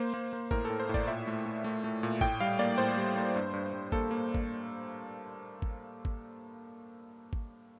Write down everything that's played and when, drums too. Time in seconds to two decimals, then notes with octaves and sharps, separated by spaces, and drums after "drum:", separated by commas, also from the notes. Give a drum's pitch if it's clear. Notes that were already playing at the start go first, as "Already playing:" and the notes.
Already playing: A#3 C5
0.13 A#3
0.33 A#3
0.51 A2 A#4, drum: kick G#1
0.65 A2 A4
0.80 C5
0.89 A2
0.94 D5, drum: kick G#1
1.08 A#2 E5
1.27 A3
1.46 A3
1.64 A3
1.84 A3
2.03 A#2
2.21 A2 G5, drum: kick G#1
2.40 G3 F5
2.59 A#3 D5
2.78 A2 C5
2.97 G3
3.17 A#3
3.36 G2
3.53 G2
3.73 G2
3.92 A#3 A4, drum: kick G#1
4.11 A#3
4.35 drum: kick G#1
5.62 drum: kick G#1
6.05 drum: kick G#1
7.33 drum: kick G#1